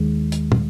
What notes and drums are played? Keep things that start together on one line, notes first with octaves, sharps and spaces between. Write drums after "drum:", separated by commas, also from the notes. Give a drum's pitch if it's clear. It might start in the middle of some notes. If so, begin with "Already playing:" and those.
Already playing: D#2 D#3 G#3
drum: hi-hat
drum: tom